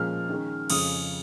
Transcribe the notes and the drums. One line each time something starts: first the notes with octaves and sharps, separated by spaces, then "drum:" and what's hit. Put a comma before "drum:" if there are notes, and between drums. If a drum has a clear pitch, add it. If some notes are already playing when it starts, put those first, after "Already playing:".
Already playing: A#2 F3 G#3 C#4 F6
D#3 G#3 C#4
F2 C#3 F3 G#3 C#4 D#6, drum: cymbal